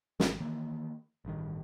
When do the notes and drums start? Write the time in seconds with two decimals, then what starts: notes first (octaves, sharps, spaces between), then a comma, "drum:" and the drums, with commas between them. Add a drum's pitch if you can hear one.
0.20 G#1 G#3, drum: snare
0.40 D#3 E3 A#3
1.25 A1 G2 D#3